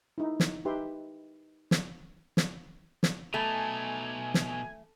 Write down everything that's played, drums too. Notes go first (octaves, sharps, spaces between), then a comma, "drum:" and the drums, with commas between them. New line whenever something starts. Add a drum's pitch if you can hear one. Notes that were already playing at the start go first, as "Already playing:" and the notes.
D#4 E4
drum: snare
D#4 G4 B4 E5 G5 C6
drum: snare
drum: snare
drum: snare
B2 A3 D#4 G#5
drum: snare